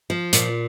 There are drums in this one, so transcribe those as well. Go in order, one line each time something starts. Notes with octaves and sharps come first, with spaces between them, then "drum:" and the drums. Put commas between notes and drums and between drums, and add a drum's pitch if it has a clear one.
F3
A#2, drum: hi-hat